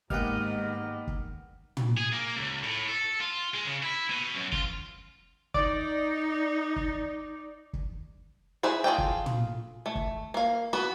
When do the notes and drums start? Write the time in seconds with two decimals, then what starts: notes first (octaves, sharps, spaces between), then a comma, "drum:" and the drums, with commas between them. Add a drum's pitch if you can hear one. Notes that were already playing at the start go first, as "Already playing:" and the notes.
0.10 G#2 D#3 A#3 B3 G4 D#5 F#5 F6, drum: kick
1.07 drum: kick
1.77 drum: tom
1.97 G#4
2.13 A#3
2.36 C#2
2.63 A2
2.89 A4
3.21 F4
3.54 G#3
3.66 C#3
3.83 E4
4.10 B2
4.34 F#2
4.52 F4, drum: kick
5.54 D#4 D5, drum: kick
6.76 drum: kick
7.73 drum: kick
8.63 E4 G#4 B4 C5
8.84 F4 G#4 A4 G5
8.98 drum: kick
9.26 drum: tom
9.86 A3
9.95 drum: kick
10.34 A#3 F5
10.73 B3 F#4 B4